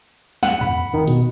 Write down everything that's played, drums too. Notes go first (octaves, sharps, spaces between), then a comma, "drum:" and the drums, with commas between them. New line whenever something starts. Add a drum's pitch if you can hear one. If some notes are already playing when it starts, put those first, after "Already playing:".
F#5, drum: snare
B5, drum: tom E2
G#1 D#3 D#4
B2, drum: hi-hat